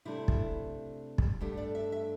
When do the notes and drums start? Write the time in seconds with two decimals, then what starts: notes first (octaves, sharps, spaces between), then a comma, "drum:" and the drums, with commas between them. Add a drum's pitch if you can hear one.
0.05 C3 A3 D4 E4
0.28 drum: kick
1.18 drum: kick
1.41 G2 D3 A3 D4 G4
1.57 D5
1.75 E5
1.92 E5